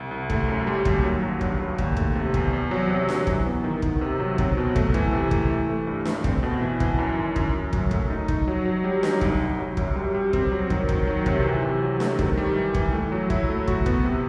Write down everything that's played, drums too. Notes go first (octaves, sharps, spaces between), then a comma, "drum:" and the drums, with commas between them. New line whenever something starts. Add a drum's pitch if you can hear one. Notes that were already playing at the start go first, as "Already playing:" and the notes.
Already playing: C2
C2
A3, drum: kick
F#2
G3
D#2, drum: kick
F#3
F#3
G2, drum: kick
F#3
D#2, drum: kick
A3, drum: kick
C3
E2, drum: kick
E2
F#3
C3
C3, drum: snare D4
E3, drum: kick
B3
D#3
D#3, drum: kick
C3
F#3
C4, drum: kick
B2
A3, drum: kick
E3, drum: kick
C3
A3, drum: kick
E3
A3
G2
A3, drum: snare D4
C4, drum: kick
B2
E3
E3, drum: kick
F#2
D#3
F#2, drum: kick
F#2
F#3, drum: kick
A3, drum: kick
D#4
D#4, drum: kick
F#3
F#3
G3
D#4, drum: snare D4
C2, drum: kick
C2
F#3
F#2, drum: kick
G3
G3
C4, drum: kick
F#3
D#3, drum: kick
D#3, drum: kick
F#3
C3, drum: kick
E3
C3
F#3
A3, drum: snare D4
D#3, drum: kick
G3
E3
E3, drum: kick
A3
F#3
E4, drum: kick
A3
F#4, drum: kick
B3, drum: kick
C3